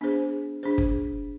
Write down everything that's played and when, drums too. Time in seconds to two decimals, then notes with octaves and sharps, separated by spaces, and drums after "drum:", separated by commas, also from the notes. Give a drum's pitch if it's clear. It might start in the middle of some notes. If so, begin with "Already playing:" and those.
0.01 B3 D4 G#4 C5
0.63 D4 G#4 C5
0.78 drum: kick